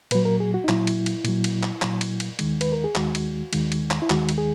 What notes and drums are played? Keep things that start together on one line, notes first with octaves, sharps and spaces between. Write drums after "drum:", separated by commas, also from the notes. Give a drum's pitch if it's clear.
A#2 F#3 B4, drum: cymbal
A#4
G#4
F#4
D#4
A#2 F#3 E4, drum: clap
drum: cymbal
drum: cymbal
A#2 F#3, drum: cymbal
drum: cymbal
drum: clap
A#2 F#3, drum: clap
drum: cymbal
drum: cymbal
D#2 D#3 G#3, drum: cymbal
B4, drum: cymbal
A#4
G#4
D#2 D#3 G#3 F#4, drum: clap
drum: cymbal
D#2 D#3 G#3, drum: cymbal
drum: cymbal
drum: clap
E4
D#2 D#3 G#3 F#4, drum: clap
drum: cymbal
G#4